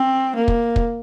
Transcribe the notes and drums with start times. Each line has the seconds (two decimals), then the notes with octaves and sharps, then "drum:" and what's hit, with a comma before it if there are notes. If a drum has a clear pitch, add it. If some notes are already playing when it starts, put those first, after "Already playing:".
Already playing: C4
0.36 A#3
0.48 drum: kick
0.76 drum: kick